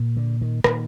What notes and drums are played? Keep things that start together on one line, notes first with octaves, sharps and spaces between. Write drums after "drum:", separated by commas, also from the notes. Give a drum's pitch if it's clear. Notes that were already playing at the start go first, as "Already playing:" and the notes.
Already playing: A#2
D3
D#3
A#2 D#3, drum: rim click